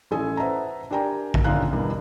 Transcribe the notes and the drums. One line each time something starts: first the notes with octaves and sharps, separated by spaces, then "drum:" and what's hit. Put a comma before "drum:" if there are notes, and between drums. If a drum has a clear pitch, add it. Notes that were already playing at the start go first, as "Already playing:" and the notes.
A1 E3 A4 G#5 D#6
B4 C5 E5 F#5 A5 A#5
D4 G4 A#4 G5 G#5 A#5
drum: kick
A#1 D3 C#4 F5 A#5 F#6
E2 G2 B2 A#4